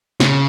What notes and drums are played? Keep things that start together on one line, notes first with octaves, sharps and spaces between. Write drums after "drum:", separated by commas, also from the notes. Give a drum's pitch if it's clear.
C#3, drum: snare